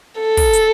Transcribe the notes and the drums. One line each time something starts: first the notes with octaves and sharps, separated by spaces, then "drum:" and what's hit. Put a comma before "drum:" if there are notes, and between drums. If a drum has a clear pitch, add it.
A4
drum: kick, open hi-hat
drum: hi-hat